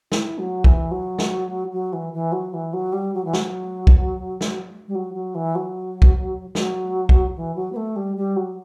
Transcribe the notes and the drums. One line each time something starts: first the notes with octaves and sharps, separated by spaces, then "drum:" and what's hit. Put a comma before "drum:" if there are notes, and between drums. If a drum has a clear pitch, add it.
E4, drum: snare
F#3
E3, drum: kick
F#3
drum: snare
F#3
E3
E3
F#3
E3
F#3
G3
F#3
E3
F#3, drum: snare
drum: kick
drum: snare
G3
F#3
F#3
E3
F#3
drum: kick
F#3, drum: snare
drum: kick
E3
F#3
B3
A3
G3
G3
F#3